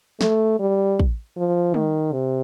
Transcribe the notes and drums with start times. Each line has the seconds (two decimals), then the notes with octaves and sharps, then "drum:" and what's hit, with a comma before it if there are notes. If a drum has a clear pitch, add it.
0.21 A3, drum: snare
0.59 G3
1.00 drum: kick
1.37 F3
1.74 D#3, drum: tom
2.13 C3